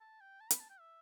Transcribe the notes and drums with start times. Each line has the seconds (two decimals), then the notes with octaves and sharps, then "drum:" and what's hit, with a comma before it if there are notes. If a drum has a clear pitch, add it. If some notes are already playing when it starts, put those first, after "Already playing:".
0.01 A5
0.21 G5
0.41 A5
0.51 B5, drum: hi-hat
0.60 A5
0.70 G5
0.80 E5